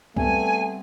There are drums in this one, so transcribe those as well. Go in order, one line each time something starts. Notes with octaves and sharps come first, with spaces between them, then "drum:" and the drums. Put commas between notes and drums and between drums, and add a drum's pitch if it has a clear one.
G3 A3 B3 C4 G#5, drum: kick